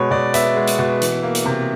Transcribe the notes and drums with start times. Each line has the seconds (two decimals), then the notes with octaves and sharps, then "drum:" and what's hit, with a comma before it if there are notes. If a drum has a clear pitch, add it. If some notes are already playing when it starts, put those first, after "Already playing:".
Already playing: B2 G#3 B4 C#5
0.11 B2 D5
0.34 B3 E5, drum: hi-hat
0.56 G#3
0.67 drum: hi-hat
0.79 B2
1.02 E3, drum: hi-hat
1.23 A#3
1.35 drum: hi-hat
1.46 C3